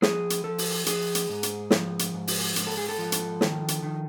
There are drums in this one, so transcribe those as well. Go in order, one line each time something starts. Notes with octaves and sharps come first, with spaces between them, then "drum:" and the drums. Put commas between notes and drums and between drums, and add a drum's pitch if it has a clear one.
F3 G#4, drum: snare
drum: hi-hat
F3 A4
drum: open hi-hat
F3 G#4, drum: hi-hat
drum: hi-hat
G#2
drum: hi-hat
F3, drum: snare
drum: hi-hat
G#2
drum: open hi-hat
G#2, drum: hi-hat
A4
G#4
A4
F3
drum: hi-hat
D#3, drum: snare
drum: hi-hat
D#3